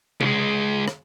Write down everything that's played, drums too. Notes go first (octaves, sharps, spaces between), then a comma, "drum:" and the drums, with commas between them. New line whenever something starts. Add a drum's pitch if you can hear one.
C#2 G#3, drum: tom C3
drum: rim click